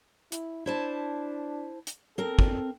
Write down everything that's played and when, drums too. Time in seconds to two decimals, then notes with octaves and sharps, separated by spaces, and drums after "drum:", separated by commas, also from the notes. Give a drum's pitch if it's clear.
0.32 E4, drum: hi-hat
0.66 D4 E4 C5 A5
1.87 drum: hi-hat
2.18 C4 A4 A#4
2.39 drum: kick